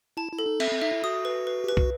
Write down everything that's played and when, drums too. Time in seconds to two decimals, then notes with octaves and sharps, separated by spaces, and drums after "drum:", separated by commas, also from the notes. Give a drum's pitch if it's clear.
0.17 E4 A5
0.32 E4
0.39 A4
0.46 D#4
0.60 C4 E5, drum: cymbal
0.71 C4
0.82 D#4 E5
0.93 E4
1.04 F#4 D#6
1.25 B4
1.47 B4
1.64 G4 B4
1.77 F#4, drum: kick